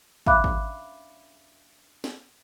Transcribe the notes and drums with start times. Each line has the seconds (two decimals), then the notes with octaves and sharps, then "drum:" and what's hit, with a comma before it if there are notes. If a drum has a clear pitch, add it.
0.26 E5 F5 B5 D6 F#6, drum: kick
0.44 drum: kick
2.04 drum: snare